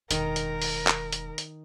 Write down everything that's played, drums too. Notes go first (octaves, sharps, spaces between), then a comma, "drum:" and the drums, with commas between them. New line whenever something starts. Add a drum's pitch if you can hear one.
E1 D#3 A#4, drum: hi-hat
drum: hi-hat
drum: open hi-hat
drum: clap
drum: hi-hat
drum: hi-hat